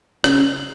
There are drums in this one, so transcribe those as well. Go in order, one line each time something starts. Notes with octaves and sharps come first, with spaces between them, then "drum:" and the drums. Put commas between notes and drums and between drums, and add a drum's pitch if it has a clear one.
C#3, drum: rim click